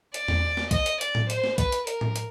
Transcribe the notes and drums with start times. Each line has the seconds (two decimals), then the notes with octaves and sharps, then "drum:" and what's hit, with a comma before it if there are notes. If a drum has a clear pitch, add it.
0.14 D5, drum: hi-hat
0.28 drum: tom E2
0.57 drum: snare
0.71 D#5, drum: kick, hi-hat
0.86 drum: hi-hat
1.01 D5, drum: hi-hat
1.15 drum: tom A2
1.30 C5, drum: hi-hat
1.44 drum: snare
1.58 B4, drum: kick, hi-hat
1.72 drum: hi-hat
1.87 A#4, drum: hi-hat
2.01 drum: tom A2
2.16 drum: hi-hat